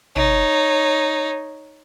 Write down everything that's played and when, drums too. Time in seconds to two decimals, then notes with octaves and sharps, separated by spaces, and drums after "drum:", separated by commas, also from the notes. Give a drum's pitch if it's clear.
0.16 D#4 C#5, drum: tom